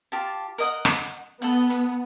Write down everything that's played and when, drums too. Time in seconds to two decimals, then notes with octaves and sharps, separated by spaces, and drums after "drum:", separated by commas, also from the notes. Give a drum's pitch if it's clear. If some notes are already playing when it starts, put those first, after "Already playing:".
0.12 F4 G4 A5
0.58 A#4 D#5 F#5, drum: hi-hat
0.85 drum: rim click
1.42 B3 A4 F#5, drum: hi-hat
1.70 drum: hi-hat